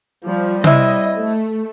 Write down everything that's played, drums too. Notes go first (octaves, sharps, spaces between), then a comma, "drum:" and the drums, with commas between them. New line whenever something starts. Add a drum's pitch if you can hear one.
F3 G3
C3 E4 D#5, drum: tom C3
A3